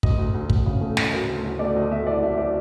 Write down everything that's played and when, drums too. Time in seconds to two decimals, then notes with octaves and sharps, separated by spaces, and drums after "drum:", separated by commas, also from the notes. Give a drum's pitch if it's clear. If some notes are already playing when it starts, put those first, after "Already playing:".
0.03 D2 D#5, drum: kick
0.18 D2
0.34 D2
0.50 D2, drum: kick
0.66 C#3
0.81 A3
0.97 C#3 D#5, drum: snare
1.13 F#3 A#4
1.29 D2
1.44 F#3
1.59 A3 D5
1.75 D2 D#5
1.91 A3 E5
2.07 C2 D5
2.23 F#3 E5
2.38 F#3 D5